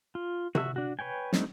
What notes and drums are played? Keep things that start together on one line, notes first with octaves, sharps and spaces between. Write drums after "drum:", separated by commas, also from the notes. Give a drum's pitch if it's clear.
F4
F#4 E5, drum: tom C3
D4 F#4
B4 C#5 G5 G#5
G3 A3 C4 D4 D#4, drum: snare